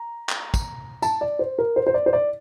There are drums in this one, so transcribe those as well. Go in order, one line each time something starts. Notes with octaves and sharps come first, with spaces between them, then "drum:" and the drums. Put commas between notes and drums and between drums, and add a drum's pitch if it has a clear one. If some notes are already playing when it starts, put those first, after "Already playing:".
Already playing: A#5
drum: clap
drum: kick, tambourine
A5, drum: tambourine
D5
C5
A#4
C5
C5
D5
C5
D5